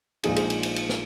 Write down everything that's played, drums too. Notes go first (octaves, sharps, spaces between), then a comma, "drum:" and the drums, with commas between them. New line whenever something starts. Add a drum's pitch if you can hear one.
A#1 A#2 F3 G#3 D#4 G#4, drum: cymbal
G#4, drum: cymbal
drum: cymbal
drum: cymbal
drum: cymbal
drum: snare